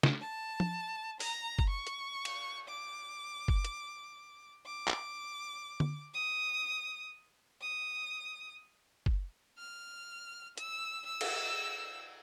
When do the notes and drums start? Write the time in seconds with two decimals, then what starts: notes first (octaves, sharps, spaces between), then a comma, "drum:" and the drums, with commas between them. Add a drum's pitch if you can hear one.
0.03 drum: snare
0.21 A5
0.60 drum: tom F3
1.20 A#5, drum: open hi-hat
1.59 drum: kick F#1
1.70 C#6
1.87 drum: hi-hat
2.25 drum: cymbal
2.68 D6
3.48 drum: kick F#1
3.65 drum: hi-hat
4.66 D6
4.88 drum: clap
5.80 drum: tom D3
6.14 D#6
7.61 D#6
9.06 drum: kick F#1
9.58 F6
10.58 E6, drum: hi-hat
11.06 E6
11.21 drum: cymbal